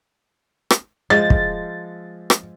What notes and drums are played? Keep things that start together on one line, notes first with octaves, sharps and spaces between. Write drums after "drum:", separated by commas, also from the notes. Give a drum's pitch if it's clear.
drum: rim click
F3 G#3 A6
drum: kick
drum: rim click